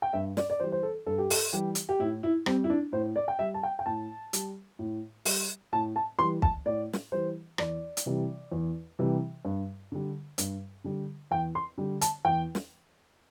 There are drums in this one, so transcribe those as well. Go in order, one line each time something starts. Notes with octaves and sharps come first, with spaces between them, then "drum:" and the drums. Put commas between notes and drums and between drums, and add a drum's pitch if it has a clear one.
G5
G2 E5
D5, drum: snare
D5
E3 G3 C5
C5
A4
G2 A4
G4
A4, drum: open hi-hat
E3 G3 G4
drum: hi-hat
G4
A2 E4
E4
G3 C4, drum: rim click
E4
D4
A2 C5
D5
G5
G3 E5
A5
G5
G5
A2 A5
G3, drum: hi-hat
A2
G3, drum: open hi-hat
A2 A5
A5
E3 G3 C6
A5, drum: kick
A2 D5
drum: snare
E3 G3 C5
E2 D5, drum: rim click
drum: hi-hat
C3 E3 G3
E2
C3 E3 G3
G2
D3 G3
G2, drum: hi-hat
D3 G3
E2 G5
C6
D3 G3
A5, drum: hi-hat
E2 G5
drum: snare